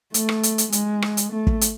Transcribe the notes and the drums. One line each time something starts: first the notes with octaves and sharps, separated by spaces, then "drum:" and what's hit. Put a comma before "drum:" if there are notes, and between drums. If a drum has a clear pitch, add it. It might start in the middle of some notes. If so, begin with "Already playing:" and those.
A3, drum: hi-hat
drum: rim click
drum: hi-hat
drum: hi-hat
G#3, drum: hi-hat
drum: rim click
drum: hi-hat
A3
drum: kick
drum: hi-hat